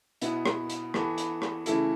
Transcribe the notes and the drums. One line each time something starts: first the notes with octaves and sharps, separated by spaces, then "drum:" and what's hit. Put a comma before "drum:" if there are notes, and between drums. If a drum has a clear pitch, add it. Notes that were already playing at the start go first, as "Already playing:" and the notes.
B2 B3 E4, drum: hi-hat
drum: rim click
drum: hi-hat
E3 B3 A4, drum: rim click
drum: hi-hat
drum: rim click
C#3 E3 A3 E4 A4, drum: hi-hat